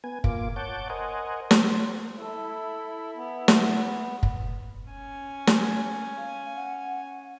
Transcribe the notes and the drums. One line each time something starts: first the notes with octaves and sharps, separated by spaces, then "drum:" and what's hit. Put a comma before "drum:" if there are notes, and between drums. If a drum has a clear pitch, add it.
B3 G#5
A#3 F4 D6, drum: kick F#1
C#5 F#5 A5 D6 G6
A#4 C5 D#5 F#5 G#5
C5, drum: snare
E4 A4
B3
drum: snare
drum: kick F#1
C#4 G#5
drum: snare
F5
F#5